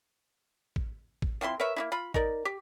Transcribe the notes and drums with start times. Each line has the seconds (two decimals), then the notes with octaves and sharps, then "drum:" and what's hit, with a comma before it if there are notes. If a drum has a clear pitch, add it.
0.76 drum: kick A1
1.22 drum: kick A1
1.41 F3 C4 E4 C6
1.60 A#4 B4 C#5 E5
1.76 A#3 D#4 E4
1.92 F4 B5
2.14 D#4 A#4 D5, drum: kick A1
2.45 G4